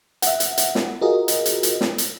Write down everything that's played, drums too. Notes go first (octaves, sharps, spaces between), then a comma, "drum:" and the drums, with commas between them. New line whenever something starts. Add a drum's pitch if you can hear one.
E5 F#5, drum: hi-hat
drum: hi-hat
drum: hi-hat
drum: snare
F4 F#4 G#4 A#4 D#5
drum: hi-hat
drum: hi-hat
drum: hi-hat
drum: snare
drum: hi-hat